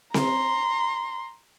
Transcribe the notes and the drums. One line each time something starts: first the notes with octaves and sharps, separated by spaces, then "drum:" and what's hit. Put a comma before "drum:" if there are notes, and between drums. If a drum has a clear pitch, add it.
A#5 C6, drum: snare C4